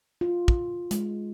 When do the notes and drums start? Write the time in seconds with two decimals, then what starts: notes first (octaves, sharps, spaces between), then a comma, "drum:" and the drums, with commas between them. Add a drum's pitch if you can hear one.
0.21 F4
0.48 drum: kick
0.91 G#3, drum: hi-hat